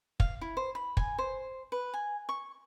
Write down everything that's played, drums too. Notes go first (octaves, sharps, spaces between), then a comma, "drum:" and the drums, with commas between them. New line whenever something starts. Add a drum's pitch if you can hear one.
F5, drum: kick
E4
C5
B5
G#5, drum: kick
C5
B4
G#5
C#6